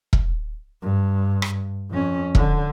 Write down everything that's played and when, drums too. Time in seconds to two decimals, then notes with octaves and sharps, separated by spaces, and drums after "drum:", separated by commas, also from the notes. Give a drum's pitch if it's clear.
0.13 drum: kick E1
0.82 G2
1.42 drum: rim click
1.90 F2 C#4
2.35 D3, drum: kick E1